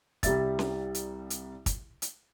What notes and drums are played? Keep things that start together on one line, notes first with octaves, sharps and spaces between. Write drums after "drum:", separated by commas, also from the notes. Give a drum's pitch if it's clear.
C2 G3 E5 A6, drum: kick, hi-hat
drum: snare C#4
drum: hi-hat
drum: hi-hat
drum: kick, hi-hat
drum: hi-hat